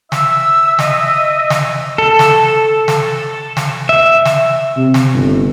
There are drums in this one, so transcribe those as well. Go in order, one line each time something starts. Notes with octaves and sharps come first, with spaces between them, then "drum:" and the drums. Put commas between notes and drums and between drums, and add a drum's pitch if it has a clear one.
E5 E6, drum: snare
D#5, drum: snare
drum: snare
A4
drum: snare
drum: snare
drum: snare
E5
drum: snare
C3
drum: snare
G1